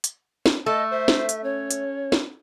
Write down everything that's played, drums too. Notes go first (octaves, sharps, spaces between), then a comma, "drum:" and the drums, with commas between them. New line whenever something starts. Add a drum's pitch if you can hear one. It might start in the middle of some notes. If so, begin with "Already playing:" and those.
drum: hi-hat
drum: snare
A3 D#5 A5
C5 E5
drum: snare
drum: hi-hat
C#4 C#5
drum: hi-hat
drum: snare